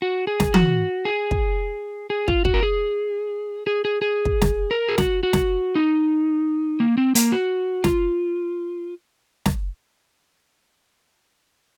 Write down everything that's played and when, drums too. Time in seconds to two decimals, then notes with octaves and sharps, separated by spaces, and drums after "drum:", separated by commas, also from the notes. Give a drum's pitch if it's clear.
0.02 F#4
0.27 G#4
0.40 drum: snare
0.54 F#4, drum: tom E3
1.05 G#4
1.31 drum: kick
2.10 G#4
2.28 F4, drum: kick
2.45 F#4, drum: kick
2.54 A#4
2.63 G#4
3.67 G#4
3.85 G#4
4.02 G#4
4.25 drum: kick
4.42 drum: snare
4.71 A#4
4.89 G#4
4.98 F#4, drum: snare
5.23 F#4
5.33 drum: snare
5.75 D#4
6.80 A#3
6.97 C4
7.15 A#3, drum: hi-hat
7.32 F#4
7.84 F4, drum: snare
9.46 drum: snare